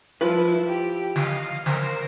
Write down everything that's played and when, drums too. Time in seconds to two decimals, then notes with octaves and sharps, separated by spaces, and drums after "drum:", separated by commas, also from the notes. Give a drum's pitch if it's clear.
0.21 F3 E4 F4 B4
0.67 G4
1.16 D#5 F5, drum: snare
1.66 A#4 C5, drum: snare